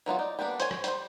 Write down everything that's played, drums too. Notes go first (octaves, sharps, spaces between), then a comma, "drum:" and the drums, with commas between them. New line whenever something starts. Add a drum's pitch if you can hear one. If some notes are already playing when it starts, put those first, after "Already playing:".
E3 F#3 B3 F4
D#4 D5
G3 A#3 B3 D4
C5 C#5 G#5, drum: hi-hat
drum: rim click
G3 C5, drum: hi-hat